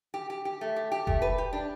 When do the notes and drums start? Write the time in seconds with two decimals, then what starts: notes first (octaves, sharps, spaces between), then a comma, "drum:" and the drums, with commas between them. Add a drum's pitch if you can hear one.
0.14 G4
0.30 G4
0.45 G4
0.61 A3
0.76 G4
0.92 G4
1.07 A3, drum: kick F1
1.22 B4
1.38 G4
1.53 D4